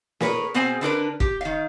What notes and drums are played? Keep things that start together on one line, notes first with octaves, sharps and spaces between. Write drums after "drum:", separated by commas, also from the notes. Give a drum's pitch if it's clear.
G#4 A#4 B4 C#5, drum: snare
B2 C4 G#4 C5 G#5
D3 D4 A#4 B4
G4, drum: kick
D#3 F5